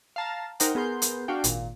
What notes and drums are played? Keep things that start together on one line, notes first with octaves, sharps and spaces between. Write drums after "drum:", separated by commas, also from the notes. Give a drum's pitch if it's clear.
F5 A5 A#5
D#4 A#4 C5 F#5 G5, drum: hi-hat
B3 G#4 A#4 C6 G6
drum: hi-hat
D4 F#4 F5 G5
G#1 A#2, drum: hi-hat